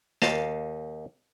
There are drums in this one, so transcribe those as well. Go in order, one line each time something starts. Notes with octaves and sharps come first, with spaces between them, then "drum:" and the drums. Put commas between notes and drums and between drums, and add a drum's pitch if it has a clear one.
D#2 D#5 F5 A5, drum: snare